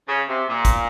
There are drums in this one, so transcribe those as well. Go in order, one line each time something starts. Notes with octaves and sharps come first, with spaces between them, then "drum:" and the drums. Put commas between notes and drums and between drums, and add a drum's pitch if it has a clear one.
C#3
C3
A#2
drum: kick, hi-hat